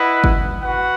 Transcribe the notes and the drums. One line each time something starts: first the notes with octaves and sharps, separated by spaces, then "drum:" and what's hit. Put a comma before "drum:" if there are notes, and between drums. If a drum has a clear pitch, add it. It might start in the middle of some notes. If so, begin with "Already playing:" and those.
Already playing: E4 B4 D#5 F#5
drum: kick G1
F#4 B4 F#5